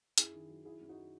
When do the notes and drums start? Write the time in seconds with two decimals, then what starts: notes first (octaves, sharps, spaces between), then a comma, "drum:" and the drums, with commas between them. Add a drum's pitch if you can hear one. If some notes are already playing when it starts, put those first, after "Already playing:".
0.18 F#2 E4 G#4, drum: hi-hat
0.34 D#3
0.49 F#3
0.65 D#3 E4 G#4
0.81 F#2
0.89 D#4 F#4
0.97 F#3